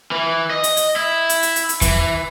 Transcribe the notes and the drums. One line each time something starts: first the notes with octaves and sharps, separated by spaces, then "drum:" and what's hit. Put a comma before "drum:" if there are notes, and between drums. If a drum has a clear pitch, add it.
E3
D#5
drum: hi-hat
drum: hi-hat
E4
drum: hi-hat
drum: hi-hat
drum: hi-hat
drum: hi-hat
E3, drum: kick E2, hi-hat